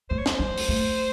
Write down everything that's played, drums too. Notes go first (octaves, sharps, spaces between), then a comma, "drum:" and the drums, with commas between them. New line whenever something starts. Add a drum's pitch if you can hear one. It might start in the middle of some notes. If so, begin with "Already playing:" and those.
A3 C5
C#5
C5, drum: snare
G#3
drum: open hi-hat
A3